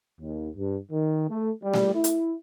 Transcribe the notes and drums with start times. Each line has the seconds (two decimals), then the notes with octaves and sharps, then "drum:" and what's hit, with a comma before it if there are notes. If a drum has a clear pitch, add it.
0.21 D#2
0.56 G2
0.91 D#3
1.30 A3
1.63 G3
1.74 drum: snare A3
1.94 E4
2.04 drum: hi-hat